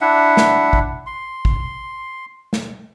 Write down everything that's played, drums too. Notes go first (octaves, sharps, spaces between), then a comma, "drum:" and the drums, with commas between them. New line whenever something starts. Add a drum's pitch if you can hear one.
D4 E4 E5 F#5
drum: snare
drum: kick
C6
drum: kick
drum: snare